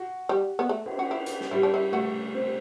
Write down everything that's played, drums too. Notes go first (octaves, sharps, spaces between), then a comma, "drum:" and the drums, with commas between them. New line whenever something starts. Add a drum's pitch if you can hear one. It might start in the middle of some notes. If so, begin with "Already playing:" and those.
Already playing: F#4
G3
B3
A3
drum: cymbal
F#4
E4
drum: hi-hat
drum: snare
G3 E4
D4
E4
A3 F#4
C4